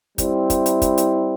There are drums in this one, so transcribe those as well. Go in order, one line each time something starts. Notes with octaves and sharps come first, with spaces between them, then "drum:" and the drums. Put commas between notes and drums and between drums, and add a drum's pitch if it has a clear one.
G3 C4 E4, drum: kick, hi-hat
drum: kick, hi-hat
drum: hi-hat
drum: kick, hi-hat
drum: hi-hat